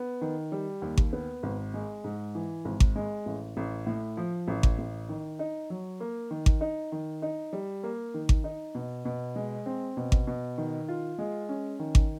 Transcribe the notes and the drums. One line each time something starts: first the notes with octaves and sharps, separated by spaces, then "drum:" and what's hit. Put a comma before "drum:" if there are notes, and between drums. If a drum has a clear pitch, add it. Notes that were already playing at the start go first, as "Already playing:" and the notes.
Already playing: B3
D#3
G3
D#2
drum: kick G#1
B3
G#1
G#3
G#2
E3
G#1
drum: kick G#1
G#3
A1
A1
A2
F3
A1
drum: kick G#1
A1
D#3
D#4
F#3
A#3
D#3
drum: kick G#1
D#4
D#3
D#4
G3
A#3
D#3
drum: kick G#1
D#4
B2
B2
G#3
C4
B2
drum: kick G#1
B2
D#3
F4
G#3
C#4
D#3
drum: kick G#1